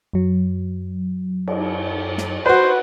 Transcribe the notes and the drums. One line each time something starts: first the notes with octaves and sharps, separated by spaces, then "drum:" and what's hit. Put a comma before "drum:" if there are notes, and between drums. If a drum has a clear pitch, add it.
F#2 F#3
drum: cymbal
drum: snare
F#4 B4 C5